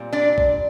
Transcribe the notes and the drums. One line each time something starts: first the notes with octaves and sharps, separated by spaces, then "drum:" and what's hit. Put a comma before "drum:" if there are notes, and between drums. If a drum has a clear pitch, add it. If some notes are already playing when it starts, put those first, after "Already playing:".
Already playing: A#2 G3 C4
D4 D5
drum: kick